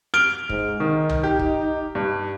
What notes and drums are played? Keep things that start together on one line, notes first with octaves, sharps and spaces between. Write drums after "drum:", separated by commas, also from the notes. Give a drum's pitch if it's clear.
F6 D7 G7
G#2, drum: kick
D#3 D#4
drum: tom C2
G4
drum: kick
G2